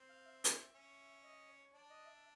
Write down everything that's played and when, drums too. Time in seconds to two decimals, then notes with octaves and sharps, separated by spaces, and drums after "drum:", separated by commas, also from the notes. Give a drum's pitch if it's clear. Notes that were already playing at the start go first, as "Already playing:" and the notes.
Already playing: C4
0.09 F5
0.25 E5
0.44 drum: hi-hat
0.74 C#4
1.24 D#5
1.49 C#5
1.73 D4 D5
1.90 D#5
2.06 E5